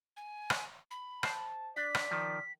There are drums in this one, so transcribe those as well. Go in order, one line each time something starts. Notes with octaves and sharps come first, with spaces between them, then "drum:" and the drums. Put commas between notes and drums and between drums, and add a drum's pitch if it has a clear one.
G#5
drum: rim click
B5
C5 A5, drum: rim click
D4 D5 B6
drum: rim click
D#3 F3